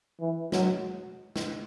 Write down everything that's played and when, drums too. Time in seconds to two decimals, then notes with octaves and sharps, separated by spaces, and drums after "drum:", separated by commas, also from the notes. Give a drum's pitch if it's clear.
0.20 E3
0.52 F#3, drum: snare
1.36 drum: snare